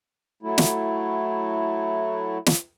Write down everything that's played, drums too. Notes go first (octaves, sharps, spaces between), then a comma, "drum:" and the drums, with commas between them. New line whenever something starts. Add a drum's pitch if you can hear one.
F#3 A3 E4
drum: snare
drum: snare